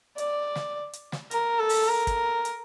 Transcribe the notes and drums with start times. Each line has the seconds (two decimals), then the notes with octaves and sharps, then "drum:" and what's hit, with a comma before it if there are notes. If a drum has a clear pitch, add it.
0.18 D5, drum: hi-hat
0.56 drum: snare
0.93 drum: hi-hat
1.12 drum: snare
1.31 A#4, drum: hi-hat
1.59 A4
1.69 drum: open hi-hat
1.88 A#4
2.07 drum: kick, hi-hat
2.45 drum: hi-hat